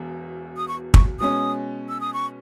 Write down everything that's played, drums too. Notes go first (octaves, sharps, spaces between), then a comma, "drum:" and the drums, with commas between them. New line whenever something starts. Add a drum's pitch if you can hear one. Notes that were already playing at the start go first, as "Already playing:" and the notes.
Already playing: E1 E2 B2
D#6
C#6
C#6, drum: kick
B2 G#3 C#4 D#6
E6
D#6
C#6